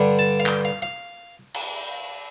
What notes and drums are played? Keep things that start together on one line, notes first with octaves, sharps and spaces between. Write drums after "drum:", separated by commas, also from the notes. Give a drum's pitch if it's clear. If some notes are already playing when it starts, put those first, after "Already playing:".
Already playing: G2 D3 G3
A5
F5
G5, drum: clap
F5
F5
drum: cymbal